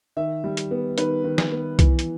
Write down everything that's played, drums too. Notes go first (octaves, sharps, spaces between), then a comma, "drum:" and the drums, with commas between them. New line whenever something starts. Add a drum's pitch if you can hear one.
D#3 E5
G3
drum: hi-hat
B3
D#3 B4, drum: hi-hat
D#3
drum: snare
B3
E3, drum: kick C2, hi-hat
drum: hi-hat